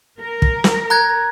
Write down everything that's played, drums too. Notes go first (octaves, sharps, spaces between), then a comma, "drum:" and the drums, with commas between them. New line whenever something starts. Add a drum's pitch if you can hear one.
A#4
drum: kick
drum: snare
A#5 F#6 G#6